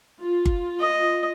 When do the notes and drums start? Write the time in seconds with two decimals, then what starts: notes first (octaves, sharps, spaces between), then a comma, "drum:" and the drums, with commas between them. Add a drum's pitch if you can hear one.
0.21 F4
0.46 drum: kick G1
0.79 D#5